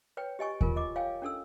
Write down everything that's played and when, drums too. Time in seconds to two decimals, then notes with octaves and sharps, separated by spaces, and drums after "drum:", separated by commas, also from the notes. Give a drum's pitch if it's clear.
0.17 B4 C#5 G5
0.39 G4 D#5 G#5 C#6
0.61 F4 A#4 G#5, drum: kick D#2
0.76 D#5 D6
0.96 C#5 F5 G5 G#5
1.22 C#4 D4 A4 E6